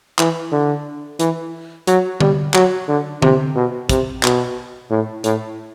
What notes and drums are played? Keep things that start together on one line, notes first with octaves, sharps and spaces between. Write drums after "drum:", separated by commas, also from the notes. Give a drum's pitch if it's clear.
E3, drum: clap
D3
E3, drum: hi-hat
F#3, drum: hi-hat
G3, drum: tom D3
F#3, drum: clap
D3
C3, drum: tom D3
B2
C3, drum: kick, hi-hat
B2, drum: clap
A2
A2, drum: hi-hat